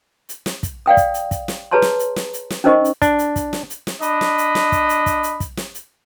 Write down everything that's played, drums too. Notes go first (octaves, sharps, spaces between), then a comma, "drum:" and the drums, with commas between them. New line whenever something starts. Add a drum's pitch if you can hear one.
drum: hi-hat
drum: snare
drum: kick, hi-hat
D5 F5 G5 D#6
drum: kick, hi-hat
drum: hi-hat
drum: kick, hi-hat
drum: snare
G#4 B4 C#5 A5 A#5 C6
drum: snare
drum: hi-hat
drum: snare
drum: hi-hat
drum: snare
C#4 D#4 A#4 C5 D#5 C#6
drum: hi-hat
D4, drum: kick, hi-hat
drum: hi-hat
drum: kick, hi-hat
drum: snare
drum: hi-hat
drum: snare
D4 D#5 B5, drum: hi-hat
drum: snare
drum: hi-hat
drum: snare
drum: kick, hi-hat
drum: hi-hat
drum: kick, hi-hat
drum: hi-hat
drum: kick, hi-hat
drum: snare
drum: hi-hat